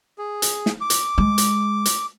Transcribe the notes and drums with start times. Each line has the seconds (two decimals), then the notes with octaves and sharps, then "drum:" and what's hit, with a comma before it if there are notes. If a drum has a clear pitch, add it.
0.18 G#4
0.42 drum: hi-hat
0.66 drum: snare
0.81 D6
0.90 drum: hi-hat
1.18 G#3
1.38 drum: hi-hat
1.86 drum: hi-hat